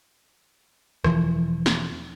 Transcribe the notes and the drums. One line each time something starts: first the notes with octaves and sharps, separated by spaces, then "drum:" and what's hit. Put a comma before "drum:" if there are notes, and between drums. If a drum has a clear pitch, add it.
E1 E3 F3, drum: rim click
drum: snare